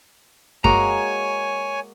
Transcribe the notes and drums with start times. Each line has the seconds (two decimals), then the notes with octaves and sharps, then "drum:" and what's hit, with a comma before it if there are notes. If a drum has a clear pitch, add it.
0.64 G#3 A#3 F#4 C#5 G#5 A#5, drum: kick F#2